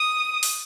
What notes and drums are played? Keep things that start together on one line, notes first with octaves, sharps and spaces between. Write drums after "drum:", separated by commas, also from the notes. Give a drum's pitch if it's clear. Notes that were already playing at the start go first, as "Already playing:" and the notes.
Already playing: D#6
drum: open hi-hat